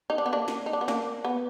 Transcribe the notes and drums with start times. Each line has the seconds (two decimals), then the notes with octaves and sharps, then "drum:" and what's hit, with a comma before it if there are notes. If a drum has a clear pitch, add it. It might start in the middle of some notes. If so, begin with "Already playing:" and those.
0.10 D#4
0.18 D4
0.26 B3
0.33 A#3 D4
0.48 drum: snare
0.66 D#4
0.73 D4
0.81 B3
0.88 A#3 D4, drum: snare
1.25 B3